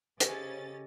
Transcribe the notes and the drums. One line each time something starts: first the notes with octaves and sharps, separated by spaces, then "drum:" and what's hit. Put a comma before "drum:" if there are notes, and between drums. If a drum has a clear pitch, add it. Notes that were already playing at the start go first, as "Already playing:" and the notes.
C#3 C#4 G4 A4 C5 C#5 D#5 A6, drum: hi-hat